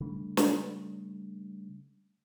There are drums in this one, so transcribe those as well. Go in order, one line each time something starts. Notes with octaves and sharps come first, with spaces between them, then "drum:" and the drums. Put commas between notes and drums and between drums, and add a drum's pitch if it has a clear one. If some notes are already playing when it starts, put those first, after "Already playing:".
C#3 G3 A3 D4
drum: snare